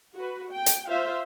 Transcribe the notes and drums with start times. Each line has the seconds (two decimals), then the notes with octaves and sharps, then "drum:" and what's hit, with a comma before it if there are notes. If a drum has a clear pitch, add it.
0.15 F#4 B4
0.51 G5
0.66 drum: hi-hat
0.88 F4 C5 E5 F5